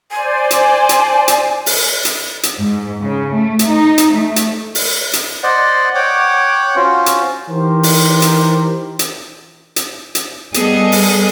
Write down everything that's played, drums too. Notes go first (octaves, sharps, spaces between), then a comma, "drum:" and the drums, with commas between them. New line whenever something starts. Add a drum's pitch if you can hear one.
C5 D5 G#5
drum: hi-hat
drum: hi-hat
drum: hi-hat
drum: open hi-hat
drum: hi-hat
drum: hi-hat
G#2
C#3
A3
drum: hi-hat
D#4
drum: hi-hat
A3
drum: hi-hat
drum: open hi-hat
drum: hi-hat
C5 D5 D#5 F#5
C#5 F#5 G5 D6
C#4 F4 F#4 C5
drum: hi-hat
E3 D#4 G4 A#4 C5
drum: open hi-hat
drum: hi-hat
drum: hi-hat
drum: hi-hat
drum: hi-hat
G3 B3 G#4 A4 D#5, drum: hi-hat
drum: open hi-hat